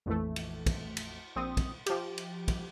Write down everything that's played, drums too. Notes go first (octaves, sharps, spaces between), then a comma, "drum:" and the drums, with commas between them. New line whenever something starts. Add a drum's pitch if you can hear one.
A#1 F2 E3 A3
drum: cymbal
drum: kick, cymbal
drum: cymbal
A#1 C4 D#6
drum: kick, cymbal
F3 G4, drum: cymbal
drum: cymbal
drum: kick, cymbal